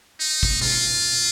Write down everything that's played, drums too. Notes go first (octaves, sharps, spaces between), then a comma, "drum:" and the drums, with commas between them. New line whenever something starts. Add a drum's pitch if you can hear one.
D#4
drum: kick
F4, drum: tom B2